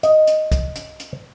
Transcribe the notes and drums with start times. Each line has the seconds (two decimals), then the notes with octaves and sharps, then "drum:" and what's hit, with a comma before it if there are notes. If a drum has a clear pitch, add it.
0.03 D#5, drum: hi-hat
0.27 drum: hi-hat
0.52 drum: kick, hi-hat
0.76 drum: hi-hat
1.00 drum: hi-hat